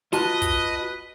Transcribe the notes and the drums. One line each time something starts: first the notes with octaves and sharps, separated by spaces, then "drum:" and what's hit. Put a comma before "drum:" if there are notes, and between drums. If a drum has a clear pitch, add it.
F4 F#4 B4 D#5 A5, drum: hi-hat
drum: kick, hi-hat